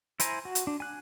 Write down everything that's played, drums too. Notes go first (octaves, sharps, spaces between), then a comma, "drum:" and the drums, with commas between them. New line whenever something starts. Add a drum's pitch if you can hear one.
E4 C5 G#5 A#5, drum: hi-hat
F#4
drum: hi-hat
D4
G#5 F#6